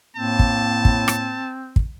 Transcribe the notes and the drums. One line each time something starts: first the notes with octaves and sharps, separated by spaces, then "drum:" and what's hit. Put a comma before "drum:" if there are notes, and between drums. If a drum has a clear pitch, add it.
A2 A#3 C4 A5
drum: kick
drum: kick
drum: rim click
drum: kick